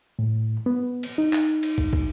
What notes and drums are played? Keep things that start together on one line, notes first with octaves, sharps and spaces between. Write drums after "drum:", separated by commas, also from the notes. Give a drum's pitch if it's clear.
A2
B3
drum: cymbal
D#4
drum: clap
drum: cymbal
drum: kick
drum: kick